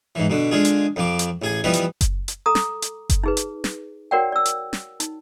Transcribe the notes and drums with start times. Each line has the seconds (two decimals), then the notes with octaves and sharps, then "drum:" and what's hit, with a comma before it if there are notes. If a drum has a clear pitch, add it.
0.15 G#2 E3
0.30 B2 D3
0.51 D3 G#3 F4 G#4
0.65 drum: hi-hat
0.96 F2 F3 D6
1.19 drum: hi-hat
1.42 A1 G#4 G#5
1.64 E3 F3 G3 B3 B4 D#5
1.73 drum: hi-hat
2.01 drum: kick F#1, hi-hat
2.28 drum: hi-hat
2.46 A4 A#5 D6 D#6
2.55 drum: snare
2.82 drum: hi-hat
3.09 drum: kick F#1, hi-hat
3.24 D#4 G#4 B4
3.37 drum: hi-hat
3.64 drum: snare
4.11 F#4 A#4 C#5 D5 F#5 G5
4.32 D5 E6
4.46 drum: hi-hat
4.73 drum: snare
5.00 D#4, drum: hi-hat